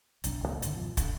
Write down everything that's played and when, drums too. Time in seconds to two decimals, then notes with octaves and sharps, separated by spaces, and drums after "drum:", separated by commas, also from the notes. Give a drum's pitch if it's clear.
0.24 F1 B1 D4, drum: hi-hat
0.42 C#2 G2 A#2 A#3
0.62 D1 G#2 D3 D#3, drum: hi-hat
0.75 F2 B2 F3
0.97 G1 D3, drum: kick, hi-hat